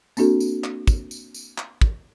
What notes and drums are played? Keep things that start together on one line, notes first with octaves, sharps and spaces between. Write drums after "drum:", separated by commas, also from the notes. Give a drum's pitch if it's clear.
A#3 C4 D4 F#4 A4, drum: tambourine
drum: tambourine
drum: clap
drum: kick, tambourine
drum: tambourine
drum: tambourine
drum: clap
drum: kick